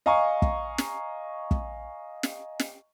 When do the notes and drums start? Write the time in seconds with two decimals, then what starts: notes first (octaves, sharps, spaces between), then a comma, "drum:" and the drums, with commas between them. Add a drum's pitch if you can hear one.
0.06 D#5 F5 G#5 A#5 C#6
0.42 drum: kick
0.78 drum: snare
1.51 drum: kick
2.23 drum: snare
2.59 drum: snare